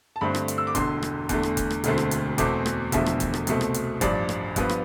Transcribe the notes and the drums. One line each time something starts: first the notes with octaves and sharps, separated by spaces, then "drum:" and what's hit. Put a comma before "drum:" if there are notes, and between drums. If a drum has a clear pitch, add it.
A5
G2 D3 A3 C4 B5
drum: rim click
drum: hi-hat
E6
D6
E1 E2 D3 C6, drum: kick F1, hi-hat
drum: rim click
E2 D3 A3, drum: kick F1, hi-hat
drum: rim click
drum: kick F1, hi-hat
drum: rim click
E1 D2 D3 A3 C4, drum: hi-hat
drum: rim click
drum: hi-hat
E2 B2 A3 C4 D6, drum: kick F1, hi-hat
drum: rim click
E1 E2 D3 F3 A3 E5, drum: kick F1, hi-hat
drum: rim click
drum: kick F1, hi-hat
drum: rim click
C2 B2 A3 C4, drum: hi-hat
drum: rim click
drum: hi-hat
A1 G2 F3 D5, drum: kick F1, hi-hat
drum: rim click
G2 F3 B3, drum: kick F1, hi-hat
drum: rim click